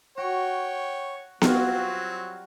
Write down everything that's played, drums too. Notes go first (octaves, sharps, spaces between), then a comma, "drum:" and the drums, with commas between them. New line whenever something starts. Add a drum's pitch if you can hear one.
F#4 C#5 G5
F#3 G3 C4 F4 F#4, drum: snare B3